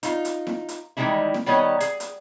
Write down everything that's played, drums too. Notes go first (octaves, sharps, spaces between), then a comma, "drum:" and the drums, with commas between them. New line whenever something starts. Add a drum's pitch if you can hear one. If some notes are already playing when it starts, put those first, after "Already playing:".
D#4 F4, drum: hi-hat
drum: hi-hat
drum: snare E4
drum: hi-hat
D#3 E3 G3 G#3 D#4 E4
drum: snare E4
D#3 G3 B3 C#5 D#5 A#5
G#4, drum: hi-hat
drum: hi-hat